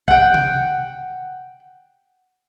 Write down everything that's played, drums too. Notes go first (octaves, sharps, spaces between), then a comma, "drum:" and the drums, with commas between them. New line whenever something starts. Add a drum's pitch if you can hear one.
F#5 G5, drum: kick
drum: tom C3